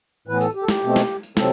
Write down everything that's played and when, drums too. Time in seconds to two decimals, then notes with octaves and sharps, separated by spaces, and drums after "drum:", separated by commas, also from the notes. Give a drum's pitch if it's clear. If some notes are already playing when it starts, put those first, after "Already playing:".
0.27 A2 E3 B3 B4
0.41 A4, drum: tambourine
0.55 G4
0.63 A4
0.68 G4, drum: snare
0.83 B2 A3 C4
0.96 drum: snare
1.23 drum: tambourine
1.37 C3 F#3 C4 A4, drum: snare